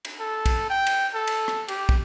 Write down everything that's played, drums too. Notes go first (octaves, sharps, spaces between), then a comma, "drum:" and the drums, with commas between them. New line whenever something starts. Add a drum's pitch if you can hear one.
drum: cymbal
A4
drum: kick, cymbal
G5
drum: cymbal
A4
drum: cymbal
drum: rim click
G4, drum: cymbal
drum: kick